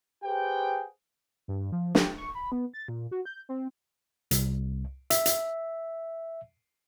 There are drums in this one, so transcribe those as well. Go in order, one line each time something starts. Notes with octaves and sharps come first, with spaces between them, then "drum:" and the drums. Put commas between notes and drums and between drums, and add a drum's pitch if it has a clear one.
G4 G#4 B4 C5 F#5 G5
G2
F3
G4, drum: snare
C#6
B5
B3
A6
A#2
F#4
G6
C4
C2, drum: hi-hat
E5, drum: hi-hat
drum: hi-hat